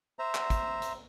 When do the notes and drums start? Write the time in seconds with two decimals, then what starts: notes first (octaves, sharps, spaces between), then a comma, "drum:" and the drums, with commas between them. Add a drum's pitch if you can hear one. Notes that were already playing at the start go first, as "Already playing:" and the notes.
0.19 C5 E5 A#5
0.35 drum: clap
0.50 drum: kick, hi-hat
0.82 drum: hi-hat